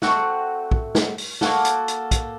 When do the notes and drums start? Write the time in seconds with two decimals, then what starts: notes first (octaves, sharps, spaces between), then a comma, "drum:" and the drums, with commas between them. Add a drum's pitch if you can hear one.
0.02 A3 C4 F#4 F#5, drum: snare
0.71 drum: kick
0.95 drum: snare
1.18 drum: open hi-hat
1.41 A#3 F4 F#4 A4 F#5, drum: snare
1.65 drum: hi-hat
1.88 drum: hi-hat
2.11 drum: kick, hi-hat